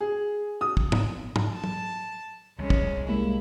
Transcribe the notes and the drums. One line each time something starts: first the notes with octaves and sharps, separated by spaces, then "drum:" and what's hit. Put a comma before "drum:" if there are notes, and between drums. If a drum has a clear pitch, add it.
G#4
D#6
drum: kick
drum: tom
drum: tom
A5
drum: tom F#3
C2 C3 G#3 C#4
drum: kick
G3 G#3 A#3 E4